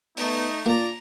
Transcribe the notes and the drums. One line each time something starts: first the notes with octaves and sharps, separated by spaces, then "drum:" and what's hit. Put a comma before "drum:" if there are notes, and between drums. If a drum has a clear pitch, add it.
A3 B3 D#4, drum: open hi-hat
A#3 D4 F4 D5 A#5